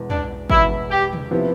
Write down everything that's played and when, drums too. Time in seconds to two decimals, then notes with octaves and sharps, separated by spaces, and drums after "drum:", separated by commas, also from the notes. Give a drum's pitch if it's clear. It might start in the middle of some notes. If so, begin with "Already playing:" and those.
Already playing: E1 E2 B2 B3
0.10 D4, drum: tom
0.50 E1 E2 B2 B3 E4, drum: kick
0.91 G4
1.13 drum: tom
1.31 C3 F3 B3 E4